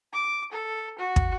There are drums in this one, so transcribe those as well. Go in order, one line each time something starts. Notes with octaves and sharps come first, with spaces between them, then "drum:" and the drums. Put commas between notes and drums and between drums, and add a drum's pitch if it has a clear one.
D6
A4
F#4
drum: kick